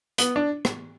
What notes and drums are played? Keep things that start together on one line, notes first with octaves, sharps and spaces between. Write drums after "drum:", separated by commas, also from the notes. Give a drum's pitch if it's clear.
B3, drum: hi-hat
D4
drum: rim click